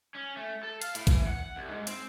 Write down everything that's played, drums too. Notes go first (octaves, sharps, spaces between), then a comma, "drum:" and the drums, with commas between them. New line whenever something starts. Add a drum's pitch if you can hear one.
C#4
A3
A4
F5, drum: hi-hat
A2, drum: hi-hat
E3, drum: kick, hi-hat
F#5
C2
G#2
C4, drum: hi-hat